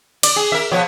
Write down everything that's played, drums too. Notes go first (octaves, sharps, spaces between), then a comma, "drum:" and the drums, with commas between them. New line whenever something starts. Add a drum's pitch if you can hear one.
D5, drum: cymbal
G#4
A#4 E5
B2 F3 C#5